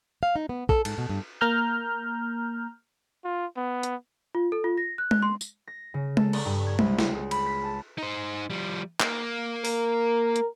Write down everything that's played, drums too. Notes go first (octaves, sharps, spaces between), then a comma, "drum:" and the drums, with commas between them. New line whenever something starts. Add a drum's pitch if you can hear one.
F5
D#4
B3
A4, drum: kick
G#2, drum: cymbal
B2
G2
A#3 A#5 F6 G6
F4
B3
drum: hi-hat
F4
A4
F4
A#6
F#6
F#6, drum: tom G#3
C6
drum: tambourine
A#6
C#3
A4, drum: tom G#3
D5, drum: cymbal
G2
G#6
C2, drum: tom G#3
C#2, drum: snare
G#4
B5, drum: cymbal
B6
A5
D#4 C5
F3 G3
A#3, drum: clap
A#4, drum: open hi-hat
drum: hi-hat